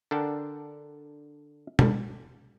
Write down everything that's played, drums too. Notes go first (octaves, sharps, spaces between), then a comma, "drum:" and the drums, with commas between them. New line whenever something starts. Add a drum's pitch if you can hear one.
D3 D4 A#4 F#5 G5 A5
drum: tom